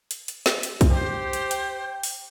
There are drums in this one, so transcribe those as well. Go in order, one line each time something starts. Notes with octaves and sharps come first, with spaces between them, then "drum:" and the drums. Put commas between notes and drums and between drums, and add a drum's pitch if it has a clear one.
drum: hi-hat
drum: hi-hat
drum: snare
drum: hi-hat
drum: kick, hi-hat
G4 C5
drum: hi-hat
G5, drum: hi-hat
drum: open hi-hat